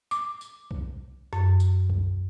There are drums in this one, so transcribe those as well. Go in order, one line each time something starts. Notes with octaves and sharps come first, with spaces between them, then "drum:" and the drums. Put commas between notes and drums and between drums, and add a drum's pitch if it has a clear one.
D6, drum: tambourine
drum: tambourine
drum: kick C2
F#2, drum: rim click
drum: tambourine
drum: kick C2